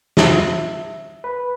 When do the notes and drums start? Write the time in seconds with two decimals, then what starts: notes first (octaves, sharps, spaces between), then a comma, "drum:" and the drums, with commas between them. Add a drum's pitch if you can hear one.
0.17 E5, drum: snare
1.24 B4